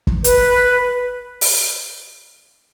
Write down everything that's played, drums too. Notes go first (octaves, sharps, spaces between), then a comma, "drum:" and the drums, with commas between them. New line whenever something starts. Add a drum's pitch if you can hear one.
drum: kick
B4, drum: hi-hat
drum: open hi-hat